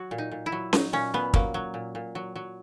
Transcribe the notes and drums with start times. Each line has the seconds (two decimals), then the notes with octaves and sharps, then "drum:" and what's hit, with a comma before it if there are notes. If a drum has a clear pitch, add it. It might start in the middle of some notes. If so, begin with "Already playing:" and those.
Already playing: F#3 F#4
0.11 A#2
0.18 D#4
0.31 A#2
0.46 E4
0.52 F#3
0.73 F#3 D#4, drum: snare C#4
0.93 A#2 C#4
1.14 A#2 B3
1.34 F#3 A#3, drum: kick
1.54 F#3
1.74 A#2
1.95 A#2
2.15 F#3
2.36 F#3